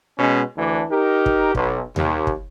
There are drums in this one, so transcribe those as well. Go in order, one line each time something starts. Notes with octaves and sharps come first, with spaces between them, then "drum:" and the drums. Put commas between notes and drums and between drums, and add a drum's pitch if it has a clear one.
B2 G#3 C#4
D2 E3 D4
D#4 G4 A#4
drum: kick
B1, drum: kick
D#2, drum: tom D#2
drum: kick